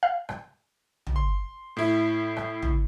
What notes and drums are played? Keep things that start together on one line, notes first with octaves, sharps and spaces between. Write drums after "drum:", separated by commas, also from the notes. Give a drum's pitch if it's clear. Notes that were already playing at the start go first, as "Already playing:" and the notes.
F5
drum: rim click
drum: tom
C6
A2 E4
drum: rim click
drum: tom